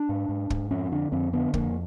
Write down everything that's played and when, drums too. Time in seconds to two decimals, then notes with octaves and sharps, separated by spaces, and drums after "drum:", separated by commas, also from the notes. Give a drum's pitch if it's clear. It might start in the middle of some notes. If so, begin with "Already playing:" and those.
Already playing: D4
0.09 G#2
0.29 G#2
0.50 G#2, drum: kick
0.71 F2 C#4
0.92 D3 D4
1.12 F2 C4
1.33 D3 B3
1.54 F2 A#3, drum: kick